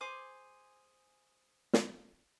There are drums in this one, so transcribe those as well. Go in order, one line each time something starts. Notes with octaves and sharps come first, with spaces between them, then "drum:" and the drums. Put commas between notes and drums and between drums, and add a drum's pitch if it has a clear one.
G#4 C5 G#5 D6
drum: snare